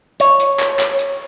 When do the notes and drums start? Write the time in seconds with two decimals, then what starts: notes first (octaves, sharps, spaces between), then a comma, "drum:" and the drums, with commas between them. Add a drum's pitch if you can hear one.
0.20 C#5, drum: hi-hat
0.40 drum: hi-hat
0.59 drum: clap
0.79 drum: clap
0.99 drum: hi-hat